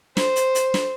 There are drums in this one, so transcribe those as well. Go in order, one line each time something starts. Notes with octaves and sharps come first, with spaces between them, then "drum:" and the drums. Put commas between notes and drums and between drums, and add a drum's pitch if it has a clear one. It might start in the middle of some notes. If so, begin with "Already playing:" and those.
C5, drum: snare
drum: hi-hat
drum: hi-hat
drum: snare